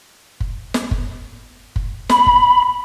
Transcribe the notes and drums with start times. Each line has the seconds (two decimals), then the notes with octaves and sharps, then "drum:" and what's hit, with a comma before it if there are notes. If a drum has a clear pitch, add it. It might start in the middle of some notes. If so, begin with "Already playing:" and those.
0.40 drum: kick
0.74 drum: snare
0.91 drum: kick
1.76 drum: kick
2.10 B5, drum: snare
2.26 drum: kick